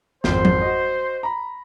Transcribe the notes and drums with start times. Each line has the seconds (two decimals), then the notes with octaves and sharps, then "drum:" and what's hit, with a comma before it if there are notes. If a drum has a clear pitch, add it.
0.24 G#1 F2 C5, drum: snare
0.45 drum: tom F3
0.61 F#4 D#5
1.23 A#5 B5